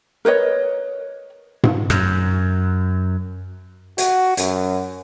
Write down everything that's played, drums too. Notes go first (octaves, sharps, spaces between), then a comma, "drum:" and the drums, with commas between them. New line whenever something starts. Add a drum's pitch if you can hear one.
A#4 B4 C#5 D#5
drum: tom G#2
F#2, drum: rim click
F#4, drum: hi-hat
F#2, drum: hi-hat